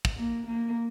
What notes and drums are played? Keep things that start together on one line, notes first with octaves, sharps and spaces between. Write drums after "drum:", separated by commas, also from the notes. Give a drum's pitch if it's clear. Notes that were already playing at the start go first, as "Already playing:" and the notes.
drum: kick
A#3
A#3